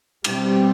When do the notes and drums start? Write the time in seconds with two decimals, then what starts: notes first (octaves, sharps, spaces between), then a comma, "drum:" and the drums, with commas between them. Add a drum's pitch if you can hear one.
0.24 B2 G3 C4, drum: cymbal